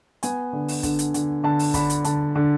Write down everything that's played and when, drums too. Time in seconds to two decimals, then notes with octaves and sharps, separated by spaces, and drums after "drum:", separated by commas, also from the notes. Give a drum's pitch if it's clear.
0.23 B3 G#5, drum: hi-hat
0.53 D3
0.68 drum: open hi-hat
0.83 D3, drum: kick, hi-hat
0.99 drum: hi-hat
1.14 D3, drum: hi-hat
1.44 D3 A5
1.59 drum: open hi-hat
1.74 D3 B5, drum: kick, hi-hat
1.90 drum: hi-hat
2.04 D3 A5, drum: hi-hat
2.35 D3